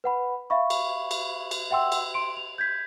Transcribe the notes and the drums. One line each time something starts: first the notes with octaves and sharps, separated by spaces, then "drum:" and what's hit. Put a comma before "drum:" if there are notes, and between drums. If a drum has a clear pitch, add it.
B4 F#5 B5
E5 F5 B5 C#6
drum: cymbal
drum: cymbal
drum: cymbal
E5 F#5 G5 C6 E6
drum: cymbal
C6 D7
F7
G6 G#6 B6